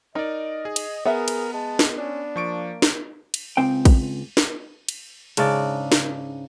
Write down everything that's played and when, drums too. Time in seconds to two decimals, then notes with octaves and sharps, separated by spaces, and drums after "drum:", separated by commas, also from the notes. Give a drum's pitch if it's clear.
0.15 D#4 A#4 D5 D#5
0.65 G#4
0.76 drum: cymbal
1.05 B3 G#4 A#4 E5 F#5
1.28 drum: cymbal
1.53 G#3 A5
1.79 drum: snare
1.98 C#4 D4
2.36 F3 A#3 C#6 D7
2.82 drum: snare
3.34 drum: cymbal
3.57 C#2 C4 G5
3.85 drum: kick, cymbal
4.37 drum: snare
4.88 drum: cymbal
5.37 G#2 C#3 D4 D5, drum: cymbal
5.92 drum: snare